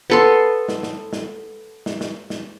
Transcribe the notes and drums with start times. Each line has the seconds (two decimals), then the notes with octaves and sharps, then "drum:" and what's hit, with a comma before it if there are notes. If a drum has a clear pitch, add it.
0.10 B3 A4 C6
0.69 drum: snare
0.83 drum: snare
1.13 drum: snare
1.86 drum: snare
2.01 drum: snare
2.30 drum: snare